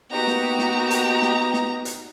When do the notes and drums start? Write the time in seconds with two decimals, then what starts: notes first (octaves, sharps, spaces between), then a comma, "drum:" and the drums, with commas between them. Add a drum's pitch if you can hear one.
0.12 A#3 B3 D#4 F#4 G4 A#5
0.27 drum: snare
0.59 drum: snare
0.91 drum: hi-hat
1.22 drum: snare
1.54 drum: snare
1.85 drum: hi-hat